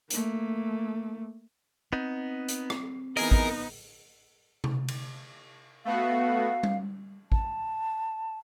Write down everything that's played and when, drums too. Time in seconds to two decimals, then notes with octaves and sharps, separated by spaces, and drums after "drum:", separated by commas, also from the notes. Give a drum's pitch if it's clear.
0.10 A3 A#3, drum: hi-hat
1.93 B3 C4 D#4
2.48 drum: hi-hat
2.70 drum: rim click
3.17 E3 B3 D#4 G#4 A#4 D#5, drum: open hi-hat
3.31 drum: kick
4.64 drum: tom C3
4.88 drum: cymbal
5.85 A3 B3 F#4 F5
6.63 drum: tom G3
7.32 A5, drum: kick